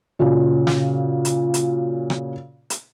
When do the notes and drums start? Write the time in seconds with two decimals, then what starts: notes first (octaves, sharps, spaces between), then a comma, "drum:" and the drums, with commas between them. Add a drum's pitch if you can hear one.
0.19 A#2 C#3 F4 F#4
0.67 drum: snare
1.25 drum: hi-hat
1.54 drum: hi-hat
2.10 drum: rim click
2.70 drum: hi-hat